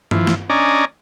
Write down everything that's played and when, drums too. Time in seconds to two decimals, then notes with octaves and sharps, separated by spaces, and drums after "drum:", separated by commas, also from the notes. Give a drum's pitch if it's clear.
0.11 E3 F3, drum: tom
0.27 drum: snare
0.50 C#4 D4 D5 D#5 G#5 A#5